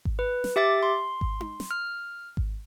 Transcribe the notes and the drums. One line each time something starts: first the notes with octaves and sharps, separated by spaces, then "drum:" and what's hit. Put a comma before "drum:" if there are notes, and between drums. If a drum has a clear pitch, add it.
drum: kick G#1
B4
drum: snare
G4 E5 D6 A6
C6
drum: kick G#1
drum: tom D#4
drum: snare
F6
drum: kick G#1